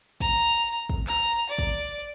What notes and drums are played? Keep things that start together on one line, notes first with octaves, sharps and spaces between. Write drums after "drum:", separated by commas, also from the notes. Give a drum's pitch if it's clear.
A#5, drum: kick
drum: kick
A#5, drum: clap
D5
drum: kick